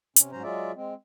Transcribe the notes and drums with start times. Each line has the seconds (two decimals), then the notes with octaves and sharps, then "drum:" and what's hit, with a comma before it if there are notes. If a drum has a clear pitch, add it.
0.16 C3 C#4, drum: hi-hat
0.32 G#2 F#3 C#4 C5 A#5
0.43 F#3 G#3 F4 G#4 D5 E5
0.76 G#3 C4